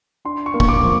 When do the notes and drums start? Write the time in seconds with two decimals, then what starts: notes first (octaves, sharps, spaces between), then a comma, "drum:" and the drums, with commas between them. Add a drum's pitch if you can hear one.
0.25 D4 C6
0.46 C#6
0.54 A#3
0.60 C#6, drum: kick
0.69 D6
0.84 F3